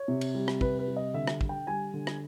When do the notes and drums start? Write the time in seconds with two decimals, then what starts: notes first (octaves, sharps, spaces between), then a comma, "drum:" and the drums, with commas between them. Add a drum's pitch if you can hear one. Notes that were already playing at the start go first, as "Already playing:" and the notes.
Already playing: C#5
0.08 C3
0.21 drum: cymbal
0.35 G3
0.48 drum: rim click
0.61 C3 B4, drum: kick
0.79 B4
0.88 G3
0.97 D#5
1.14 D3 E5
1.28 drum: rim click
1.41 D3, drum: kick
1.49 G5
1.67 G3 G#5
1.94 D3
2.07 drum: rim click